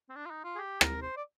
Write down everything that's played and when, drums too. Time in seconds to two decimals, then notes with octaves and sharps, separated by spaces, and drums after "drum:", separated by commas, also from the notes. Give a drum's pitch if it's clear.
0.10 C4
0.16 D4
0.26 F4
0.30 D#4
0.44 F4
0.55 G#4
0.59 G4
0.81 A#4, drum: rim click
1.02 C5
1.17 D5